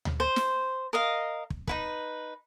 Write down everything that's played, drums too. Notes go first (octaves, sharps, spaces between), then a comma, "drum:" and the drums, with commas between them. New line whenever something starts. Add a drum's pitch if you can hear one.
drum: tom D2
C5
drum: snare
A#4 D#5 F5
drum: kick
D#4 E4 B4, drum: kick